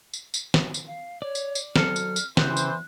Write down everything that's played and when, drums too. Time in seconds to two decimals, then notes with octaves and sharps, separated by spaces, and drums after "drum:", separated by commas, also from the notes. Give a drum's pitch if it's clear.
0.14 drum: tambourine
0.34 drum: tambourine
0.54 drum: snare
0.74 drum: tambourine
0.87 F5
1.22 C#5 D5
1.35 drum: tambourine
1.55 drum: tambourine
1.76 F#3 C4 A4 F6, drum: snare
1.96 drum: tambourine
2.16 drum: tambourine
2.37 E2 C#3 E3 G4 C5 F#6, drum: snare
2.57 drum: tambourine